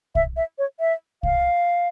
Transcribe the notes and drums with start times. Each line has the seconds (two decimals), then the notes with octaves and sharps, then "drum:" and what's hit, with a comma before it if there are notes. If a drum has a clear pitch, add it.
0.15 E5, drum: kick
0.37 E5
0.58 C#5
0.80 E5
1.23 F5, drum: kick